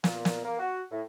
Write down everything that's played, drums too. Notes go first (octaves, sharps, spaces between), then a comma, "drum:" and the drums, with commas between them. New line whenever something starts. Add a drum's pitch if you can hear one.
A#2, drum: snare
drum: snare
A#3
F#4
A2